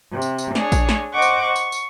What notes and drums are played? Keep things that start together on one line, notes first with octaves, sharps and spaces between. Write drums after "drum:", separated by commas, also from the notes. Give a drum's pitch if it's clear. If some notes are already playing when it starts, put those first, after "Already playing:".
C3
drum: tambourine
drum: tambourine
D4 G#4 C#5, drum: snare
drum: kick A#1, tambourine
drum: snare
C5 D#5 F#5 C#6 D6
drum: tambourine
C#6
drum: tambourine
drum: tambourine